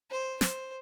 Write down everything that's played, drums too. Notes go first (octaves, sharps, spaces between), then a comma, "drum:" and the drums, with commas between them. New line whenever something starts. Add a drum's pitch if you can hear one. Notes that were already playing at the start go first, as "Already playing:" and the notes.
C5
C5, drum: snare